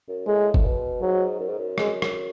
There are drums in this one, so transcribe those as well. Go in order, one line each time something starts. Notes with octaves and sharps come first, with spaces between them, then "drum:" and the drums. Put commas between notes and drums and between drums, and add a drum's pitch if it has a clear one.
F#2
A2 G#3
A2, drum: kick
B2
G#2 F#3
F#2
G#2
F#2
G#3, drum: rim click
drum: rim click